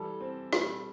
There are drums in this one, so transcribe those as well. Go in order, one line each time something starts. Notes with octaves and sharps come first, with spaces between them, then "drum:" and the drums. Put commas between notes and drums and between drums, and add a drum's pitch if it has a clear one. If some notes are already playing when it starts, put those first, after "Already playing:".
Already playing: E3 G3 A4
C4
G3, drum: rim click